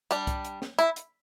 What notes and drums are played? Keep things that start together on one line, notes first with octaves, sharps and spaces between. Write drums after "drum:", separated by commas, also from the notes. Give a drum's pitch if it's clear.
G3 D4, drum: hi-hat
drum: kick C2, hi-hat
drum: hi-hat
drum: snare
E4, drum: hi-hat
drum: hi-hat